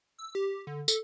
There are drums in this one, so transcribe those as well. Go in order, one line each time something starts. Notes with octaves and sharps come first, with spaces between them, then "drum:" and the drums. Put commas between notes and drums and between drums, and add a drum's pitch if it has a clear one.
E6
G4
D3
A4, drum: tambourine